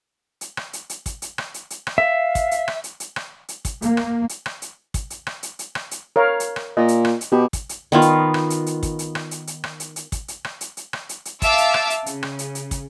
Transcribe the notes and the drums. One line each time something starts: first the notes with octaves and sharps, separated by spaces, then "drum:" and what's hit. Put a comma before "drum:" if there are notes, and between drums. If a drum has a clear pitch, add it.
drum: hi-hat
drum: rim click
drum: hi-hat
drum: hi-hat
drum: kick, hi-hat
drum: hi-hat
drum: rim click
drum: hi-hat
drum: hi-hat
drum: rim click
E5 F5
drum: kick, hi-hat
drum: hi-hat
drum: rim click
drum: hi-hat
drum: hi-hat
drum: rim click
drum: hi-hat
drum: kick, hi-hat
A#3, drum: hi-hat
drum: rim click
drum: hi-hat
drum: rim click
drum: hi-hat
drum: kick, hi-hat
drum: hi-hat
drum: rim click
drum: hi-hat
drum: hi-hat
drum: rim click
drum: hi-hat
A#4 C#5 F5
drum: hi-hat
drum: rim click
A#2 D#5
drum: hi-hat
drum: rim click
drum: hi-hat
B2 G4
drum: kick, hi-hat
drum: hi-hat
D#3 B3 F4
drum: hi-hat
drum: rim click
drum: hi-hat
drum: hi-hat
drum: kick, hi-hat
drum: hi-hat
drum: rim click
drum: hi-hat
drum: hi-hat
drum: rim click
drum: hi-hat
drum: hi-hat
drum: kick, hi-hat
drum: hi-hat
drum: rim click
drum: hi-hat
drum: hi-hat
drum: rim click
drum: hi-hat
drum: hi-hat
E5 F5 A5 D6 E6, drum: kick, hi-hat
drum: hi-hat
drum: rim click
drum: hi-hat
C#3, drum: hi-hat
drum: rim click
drum: hi-hat
drum: hi-hat
drum: kick, hi-hat